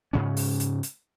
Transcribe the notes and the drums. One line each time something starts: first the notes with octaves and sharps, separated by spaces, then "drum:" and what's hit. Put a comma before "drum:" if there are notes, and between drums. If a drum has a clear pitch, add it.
G#2 C#3 C#4
drum: open hi-hat
drum: hi-hat
drum: hi-hat